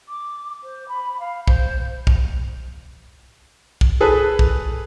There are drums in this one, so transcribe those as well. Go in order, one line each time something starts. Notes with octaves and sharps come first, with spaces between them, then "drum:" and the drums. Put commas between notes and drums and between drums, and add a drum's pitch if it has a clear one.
D6
C5
B5
F5
C5, drum: kick
drum: kick
drum: kick
G#4 A4 B4
drum: kick